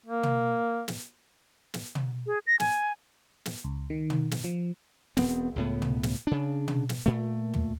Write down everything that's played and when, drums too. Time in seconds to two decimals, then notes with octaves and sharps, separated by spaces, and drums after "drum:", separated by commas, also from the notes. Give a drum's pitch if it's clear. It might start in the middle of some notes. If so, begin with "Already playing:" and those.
0.06 A#3
0.23 drum: tom
0.88 drum: snare
1.74 drum: snare
1.95 drum: tom
2.27 G#4
2.47 A#6
2.60 G#5, drum: snare
3.45 drum: snare
3.64 C#2
3.90 D#3
4.10 drum: tom
4.31 drum: snare
4.44 F3
5.17 E1 B3 C4, drum: snare
5.56 C#2 A2 B3
5.82 drum: tom
6.03 drum: snare
6.27 C#3 D4
6.68 drum: tom
6.89 drum: snare
7.06 A#2 A3
7.54 drum: tom